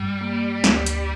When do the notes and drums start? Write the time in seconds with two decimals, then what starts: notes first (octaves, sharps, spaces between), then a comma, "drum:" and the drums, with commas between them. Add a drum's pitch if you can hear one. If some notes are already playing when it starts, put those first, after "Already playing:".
Already playing: G2 G3
0.21 A#3
0.64 D2, drum: snare
0.86 drum: hi-hat